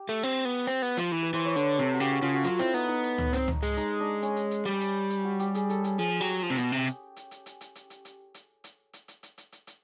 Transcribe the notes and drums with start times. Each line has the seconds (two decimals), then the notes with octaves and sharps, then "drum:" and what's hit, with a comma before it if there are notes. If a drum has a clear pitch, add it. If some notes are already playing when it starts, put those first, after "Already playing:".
Already playing: G4
0.09 A3
0.23 C4
0.45 B3
0.67 C4, drum: hi-hat
0.82 B3, drum: hi-hat
0.97 F3, drum: hi-hat
1.12 E3 B4
1.23 B4
1.34 E3 C5
1.45 C#5
1.56 D3 B4, drum: hi-hat
1.78 C3 A4
1.94 F#4
2.00 C#3 G4, drum: hi-hat
2.12 F#4
2.22 C#3 F4
2.34 F#4
2.44 F#3 F4, drum: hi-hat
2.59 C4 E4, drum: hi-hat
2.74 B3 D#4, drum: hi-hat
2.88 D#4
3.03 drum: hi-hat
3.18 drum: tom C#2
3.33 C4, drum: hi-hat
3.48 drum: tom C#2
3.63 G#3, drum: hi-hat
3.77 D#4, drum: hi-hat
4.00 D4
4.22 C#4, drum: hi-hat
4.36 drum: hi-hat
4.51 drum: hi-hat
4.66 G3
4.80 drum: hi-hat
5.10 drum: hi-hat
5.24 F#4
5.39 G4, drum: hi-hat
5.55 G#4, drum: hi-hat
5.70 A4, drum: hi-hat
5.84 G#4, drum: hi-hat
5.98 F3 G#4, drum: hi-hat
6.21 F#3 G4
6.43 F3
6.50 C3
6.57 B2, drum: hi-hat
6.72 C3
6.87 drum: hi-hat
7.16 drum: hi-hat
7.31 drum: hi-hat
7.46 drum: hi-hat
7.61 drum: hi-hat
7.75 drum: hi-hat
7.90 drum: hi-hat
8.05 drum: hi-hat
8.34 drum: hi-hat
8.64 drum: hi-hat
8.93 drum: hi-hat
9.08 drum: hi-hat
9.23 drum: hi-hat
9.38 drum: hi-hat
9.52 drum: hi-hat
9.67 drum: hi-hat